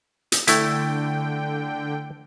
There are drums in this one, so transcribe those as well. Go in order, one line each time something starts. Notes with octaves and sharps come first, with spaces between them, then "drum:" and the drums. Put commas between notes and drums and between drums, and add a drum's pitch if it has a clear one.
drum: hi-hat
D3 A3 E4 G5, drum: hi-hat